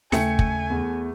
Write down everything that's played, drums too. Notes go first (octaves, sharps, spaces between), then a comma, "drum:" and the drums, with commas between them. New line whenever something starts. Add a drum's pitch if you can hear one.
D#2 C#3 A3 G5 G#5 C#7, drum: snare
drum: kick
E2